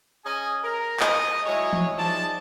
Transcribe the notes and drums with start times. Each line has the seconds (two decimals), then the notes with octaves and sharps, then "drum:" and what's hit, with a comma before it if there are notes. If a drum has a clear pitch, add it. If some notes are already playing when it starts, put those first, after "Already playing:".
0.25 C#4 G#4 D#5 G#5
0.64 A#4
1.00 D#5, drum: clap
1.46 F#3 G#3 E4 G#4 C#5
1.73 drum: tom E3
1.97 F3 D#4 G#4 D5 A5